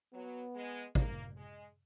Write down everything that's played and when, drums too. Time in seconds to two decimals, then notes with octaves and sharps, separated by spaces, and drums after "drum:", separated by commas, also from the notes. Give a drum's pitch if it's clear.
0.13 F#3 B3
0.55 G#3
0.95 A#3, drum: kick
1.37 G#3